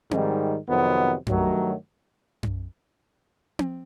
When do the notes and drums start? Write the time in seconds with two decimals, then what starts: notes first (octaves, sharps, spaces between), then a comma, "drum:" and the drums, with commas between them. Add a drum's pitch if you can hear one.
0.11 G#2 D#3 G3, drum: tom C4
0.69 F2 C3 D#3 F#3 B3
1.27 G2 D#3 F#3 A3, drum: tom F#2
2.43 drum: tom F#2
3.59 drum: tom C4